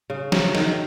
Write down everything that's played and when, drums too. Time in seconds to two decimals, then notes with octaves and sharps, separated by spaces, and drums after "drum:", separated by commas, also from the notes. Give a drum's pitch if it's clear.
0.10 C#3
0.32 F#3, drum: snare
0.55 D#3, drum: snare
0.67 D#3